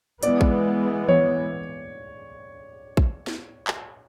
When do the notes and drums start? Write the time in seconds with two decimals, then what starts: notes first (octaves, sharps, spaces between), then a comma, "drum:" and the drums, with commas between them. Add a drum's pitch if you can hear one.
0.23 E3 G#3 B3 D5, drum: hi-hat
0.41 drum: kick
1.08 C#5, drum: tom E3
2.97 drum: kick
3.27 drum: snare
3.67 drum: clap